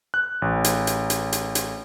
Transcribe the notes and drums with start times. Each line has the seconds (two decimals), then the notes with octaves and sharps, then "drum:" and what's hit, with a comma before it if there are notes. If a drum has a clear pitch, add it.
0.14 F#6
0.42 A1
0.64 drum: hi-hat
0.87 drum: hi-hat
1.10 drum: hi-hat
1.33 drum: hi-hat
1.55 drum: hi-hat